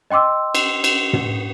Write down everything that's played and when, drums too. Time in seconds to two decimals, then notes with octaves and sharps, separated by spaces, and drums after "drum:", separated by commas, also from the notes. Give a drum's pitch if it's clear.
0.10 D#5 G5 C6 D6 E6
0.55 drum: cymbal
0.84 drum: cymbal
1.13 drum: tom